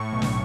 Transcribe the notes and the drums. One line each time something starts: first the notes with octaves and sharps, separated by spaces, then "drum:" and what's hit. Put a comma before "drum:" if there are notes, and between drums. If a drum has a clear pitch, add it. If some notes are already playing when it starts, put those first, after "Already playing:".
Already playing: A2 C#6
B1
drum: snare